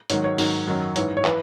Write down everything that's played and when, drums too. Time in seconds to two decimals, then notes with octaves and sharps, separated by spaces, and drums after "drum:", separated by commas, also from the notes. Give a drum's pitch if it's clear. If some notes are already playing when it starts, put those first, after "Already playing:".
0.10 G#2 D#3 F#3 C#5, drum: hi-hat
0.24 C#5
0.38 G#2 D#3 F#3, drum: open hi-hat
0.67 F#2 D#3 F#3
0.96 G#2 E3 C#5, drum: hi-hat
1.17 C#5
1.24 E3 B4, drum: clap